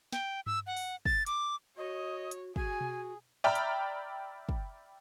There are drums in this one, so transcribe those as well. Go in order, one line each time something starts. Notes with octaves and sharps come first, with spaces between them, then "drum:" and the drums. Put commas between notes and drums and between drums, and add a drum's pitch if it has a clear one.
G5, drum: snare
E6, drum: tom G2
F#5
drum: open hi-hat
A6, drum: kick
D6, drum: hi-hat
F#4 C#5 D#5
drum: hi-hat
F#4 G#4 G#5, drum: kick
drum: tom B2
D5 E5 G5 A#5 B5 F6
drum: hi-hat
drum: kick